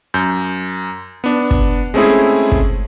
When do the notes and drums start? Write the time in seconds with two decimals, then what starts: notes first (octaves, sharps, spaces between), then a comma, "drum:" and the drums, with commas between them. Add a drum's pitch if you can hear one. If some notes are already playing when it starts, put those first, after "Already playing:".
0.14 F#2 G6
1.24 B3 D4
1.51 drum: kick
1.94 G#3 A3 C4 C#4 E4 G#4
2.52 drum: kick